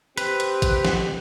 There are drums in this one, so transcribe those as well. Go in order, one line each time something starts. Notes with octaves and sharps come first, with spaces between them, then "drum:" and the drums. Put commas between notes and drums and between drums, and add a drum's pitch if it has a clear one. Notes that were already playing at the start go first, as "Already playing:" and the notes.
C4 G4 B4, drum: hi-hat
drum: hi-hat
drum: kick A1, hi-hat
drum: snare